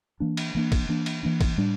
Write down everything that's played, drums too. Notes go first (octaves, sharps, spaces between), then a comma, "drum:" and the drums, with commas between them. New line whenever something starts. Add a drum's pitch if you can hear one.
E3 A#3 D4
drum: cymbal
E3 A#3 D4
drum: kick, cymbal
E3 A#3 D4
drum: cymbal
E3 A#3 D4
drum: kick, cymbal
A2 G3 D4